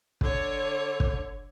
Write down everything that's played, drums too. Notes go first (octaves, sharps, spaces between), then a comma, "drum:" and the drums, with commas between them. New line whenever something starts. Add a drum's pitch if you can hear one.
D3 C#5, drum: kick
drum: kick